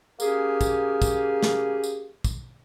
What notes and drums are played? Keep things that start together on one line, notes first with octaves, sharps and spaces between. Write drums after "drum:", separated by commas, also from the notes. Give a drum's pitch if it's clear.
A#3 C#4 G4 G#4, drum: tambourine
drum: kick, tambourine
drum: kick, tambourine
drum: snare
drum: tambourine
drum: kick, tambourine